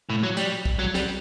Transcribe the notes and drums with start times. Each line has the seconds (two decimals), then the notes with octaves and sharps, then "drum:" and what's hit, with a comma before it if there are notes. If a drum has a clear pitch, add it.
0.10 A2
0.23 F#3
0.37 G3, drum: hi-hat
0.65 drum: kick
0.79 F#3
0.94 G3, drum: snare